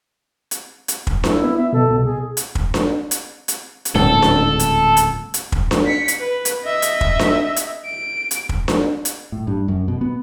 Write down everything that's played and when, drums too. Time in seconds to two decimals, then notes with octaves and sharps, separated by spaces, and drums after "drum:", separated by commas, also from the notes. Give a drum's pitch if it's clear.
0.51 drum: hi-hat
0.88 drum: hi-hat
1.07 drum: kick
1.24 E4, drum: snare D4
1.44 B3
1.58 E5
1.73 B2 A4
1.90 C2 B2
2.04 G#4
2.37 drum: hi-hat
2.55 drum: kick
2.74 drum: snare D4
3.11 drum: hi-hat
3.48 drum: hi-hat
3.85 drum: hi-hat
3.95 D1 C#2 G#2 A4
4.22 drum: snare D4
4.59 drum: hi-hat
4.97 drum: hi-hat
5.34 drum: hi-hat
5.52 drum: kick
5.71 drum: snare D4
5.86 B6 C#7
6.08 drum: hi-hat
6.20 B4
6.45 drum: hi-hat
6.64 D#5 E5
6.82 drum: hi-hat
7.01 drum: kick
7.19 drum: snare D4
7.56 drum: hi-hat
7.86 D7
8.31 drum: hi-hat
8.49 drum: kick
8.68 drum: snare D4
9.05 drum: hi-hat
9.32 A2
9.47 G2
9.68 F#2
9.88 B2
10.01 B3